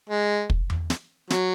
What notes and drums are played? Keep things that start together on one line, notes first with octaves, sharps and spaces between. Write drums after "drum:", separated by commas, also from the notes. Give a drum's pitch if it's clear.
G#3
drum: kick
drum: tom E2
drum: snare
F#3, drum: snare